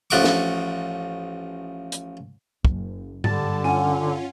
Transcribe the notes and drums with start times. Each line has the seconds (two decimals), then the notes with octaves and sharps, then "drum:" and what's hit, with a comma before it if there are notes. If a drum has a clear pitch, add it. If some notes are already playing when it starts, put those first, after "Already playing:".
0.10 A1 F3 A3 F#5 C#6 D6
0.24 drum: snare
1.92 drum: hi-hat
2.65 F#1, drum: kick
3.24 G2 D3 G3 A5 A6, drum: tom G#2
3.64 C#4 F4 F#5 G#5